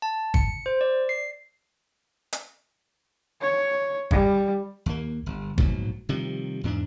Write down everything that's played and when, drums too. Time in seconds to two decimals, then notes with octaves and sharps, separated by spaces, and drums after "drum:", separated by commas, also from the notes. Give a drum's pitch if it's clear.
0.02 A5
0.34 C#7, drum: kick
0.66 C5
0.81 D5
1.09 C7
2.33 drum: hi-hat
3.41 C#5
4.11 G3, drum: kick
4.86 D#2 A#3
5.26 G1
5.58 A#1 G#2 B2 F#3, drum: kick
6.09 C3 D#3 F3 G3
6.64 E2 G#2 C#4 D4